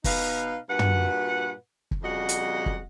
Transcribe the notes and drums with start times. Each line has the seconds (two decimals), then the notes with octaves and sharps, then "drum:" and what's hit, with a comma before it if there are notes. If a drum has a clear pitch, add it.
0.04 B2 D#4 B4 F5, drum: kick, open hi-hat
0.69 G2 A#2 F#4 B4 F#5
0.79 drum: tom
1.91 drum: kick
2.03 F2 C#3 G3 F#4 D#5 F#5
2.29 drum: hi-hat
2.66 drum: kick